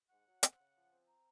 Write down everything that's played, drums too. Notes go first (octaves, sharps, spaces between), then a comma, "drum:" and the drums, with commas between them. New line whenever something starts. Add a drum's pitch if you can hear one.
G#2 F#5
F#3
C4, drum: hi-hat
C#3
F3
C4
A#5